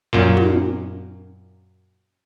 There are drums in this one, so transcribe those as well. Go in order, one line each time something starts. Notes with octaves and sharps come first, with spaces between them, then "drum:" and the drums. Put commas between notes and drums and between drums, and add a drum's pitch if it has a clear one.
F#2 A#2
drum: tom